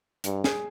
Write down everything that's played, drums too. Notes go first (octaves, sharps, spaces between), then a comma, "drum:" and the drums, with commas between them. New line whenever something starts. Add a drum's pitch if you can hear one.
G2, drum: hi-hat
G#4, drum: snare